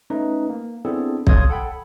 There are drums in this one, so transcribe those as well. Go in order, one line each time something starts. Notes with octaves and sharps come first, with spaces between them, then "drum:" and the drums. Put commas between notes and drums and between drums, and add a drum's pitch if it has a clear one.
A3 C#4 D#4 B4
A#3
B3 C4 D4 E4 G#4 A4
A4 C#5 F5 C6 D#6 G#6, drum: kick
A4 F#5 G5 B5